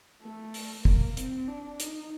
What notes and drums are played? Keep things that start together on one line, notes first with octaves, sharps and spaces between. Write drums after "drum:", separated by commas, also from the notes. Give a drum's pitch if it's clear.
A3
drum: open hi-hat
A#3, drum: kick
C4, drum: hi-hat
D4
D#4, drum: hi-hat